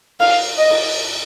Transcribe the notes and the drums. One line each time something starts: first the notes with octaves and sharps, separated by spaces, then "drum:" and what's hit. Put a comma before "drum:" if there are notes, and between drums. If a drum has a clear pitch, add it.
F5, drum: cymbal
D#5
drum: cymbal